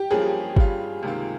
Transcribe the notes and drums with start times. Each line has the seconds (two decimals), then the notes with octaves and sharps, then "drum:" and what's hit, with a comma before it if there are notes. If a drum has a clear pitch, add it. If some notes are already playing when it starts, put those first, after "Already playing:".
Already playing: G4
0.10 G2 F3 A#3 C#4 G#4
0.56 G2 G3 C#4 F4, drum: kick
1.03 C#2 C3 D#3 A#3 F4